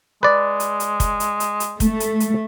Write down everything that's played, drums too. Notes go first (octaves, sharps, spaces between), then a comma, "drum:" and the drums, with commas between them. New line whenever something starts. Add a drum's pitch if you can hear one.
G#3 B4 D5
drum: hi-hat
drum: hi-hat
drum: kick, hi-hat
drum: hi-hat
drum: hi-hat
drum: hi-hat
A3, drum: kick, hi-hat
drum: hi-hat
drum: hi-hat